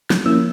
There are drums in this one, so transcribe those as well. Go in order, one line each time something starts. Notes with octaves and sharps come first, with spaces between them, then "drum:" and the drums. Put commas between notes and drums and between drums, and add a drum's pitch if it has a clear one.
drum: snare
F3 A#3 C#4 E4 E6